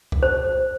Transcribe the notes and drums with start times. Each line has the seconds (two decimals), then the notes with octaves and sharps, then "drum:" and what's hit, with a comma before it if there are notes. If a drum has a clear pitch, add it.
0.12 drum: kick
0.23 C5